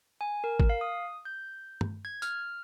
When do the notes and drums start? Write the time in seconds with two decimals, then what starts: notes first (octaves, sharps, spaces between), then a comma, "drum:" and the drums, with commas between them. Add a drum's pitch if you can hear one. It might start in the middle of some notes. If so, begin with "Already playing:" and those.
0.21 G#5
0.44 A#4
0.60 drum: kick
0.70 F5
0.81 D#6
1.25 G6
1.81 drum: tom G2
2.05 G#6
2.22 F6, drum: tambourine